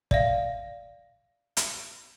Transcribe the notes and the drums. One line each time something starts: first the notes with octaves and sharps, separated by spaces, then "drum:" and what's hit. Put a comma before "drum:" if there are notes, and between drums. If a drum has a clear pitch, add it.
D5 E5 F5, drum: kick
drum: hi-hat